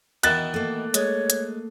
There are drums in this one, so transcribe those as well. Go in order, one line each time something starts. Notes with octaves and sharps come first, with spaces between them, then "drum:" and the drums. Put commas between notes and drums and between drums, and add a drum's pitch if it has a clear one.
B2 D#3 E3 F#6 A6, drum: hi-hat
A3 A#3
G#3 C#5, drum: hi-hat
drum: hi-hat